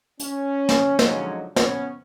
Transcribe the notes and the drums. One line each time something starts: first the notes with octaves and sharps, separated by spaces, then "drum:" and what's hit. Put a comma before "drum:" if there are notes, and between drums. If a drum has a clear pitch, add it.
C#4, drum: hi-hat
drum: snare
D3 F3 F#3 G#3 C#4 D#4, drum: snare
B3 C#4, drum: snare